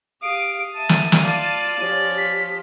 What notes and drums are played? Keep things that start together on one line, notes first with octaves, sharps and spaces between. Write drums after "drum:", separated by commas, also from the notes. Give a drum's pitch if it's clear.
G4 F5 D#6 D7
E5 A5 D#7
drum: snare
drum: snare
F4 D5 F5 A5
F3 C#4 G4 C#5
B6